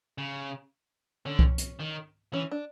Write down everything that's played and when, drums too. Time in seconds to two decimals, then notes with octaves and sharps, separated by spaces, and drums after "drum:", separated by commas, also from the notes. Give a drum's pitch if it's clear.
0.18 C#3
1.25 D3 C#4
1.39 drum: kick C2
1.58 drum: hi-hat
1.79 D#3
2.33 E3 C#4
2.51 D4